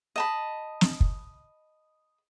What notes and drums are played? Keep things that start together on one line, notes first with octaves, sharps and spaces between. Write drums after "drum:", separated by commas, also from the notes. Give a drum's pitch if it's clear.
D#5 A5 B5
drum: snare
drum: kick